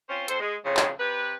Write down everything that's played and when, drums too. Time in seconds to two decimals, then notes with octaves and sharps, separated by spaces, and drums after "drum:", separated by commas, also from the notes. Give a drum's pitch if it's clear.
0.09 C4 C#4 F4 C5
0.28 F2 A4 C5, drum: hi-hat
0.40 G#3
0.65 F2 A2 C#3
0.77 drum: clap
1.00 C3 G4 B4